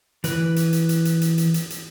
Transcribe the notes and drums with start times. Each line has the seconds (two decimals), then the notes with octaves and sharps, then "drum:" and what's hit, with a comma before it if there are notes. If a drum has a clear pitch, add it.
0.24 E3 B4, drum: hi-hat
0.56 drum: hi-hat
0.73 drum: hi-hat
0.89 drum: hi-hat
1.05 drum: hi-hat
1.22 drum: hi-hat
1.38 drum: hi-hat
1.54 drum: hi-hat
1.70 drum: hi-hat